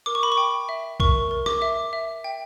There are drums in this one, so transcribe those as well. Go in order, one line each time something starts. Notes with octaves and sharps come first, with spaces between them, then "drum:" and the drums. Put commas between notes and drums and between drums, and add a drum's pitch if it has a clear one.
A#4 D6
C#6
B5
C#6
G5
E5
A#4 C#6, drum: kick B1
A#4
D6, drum: rim click
E5
E5
G5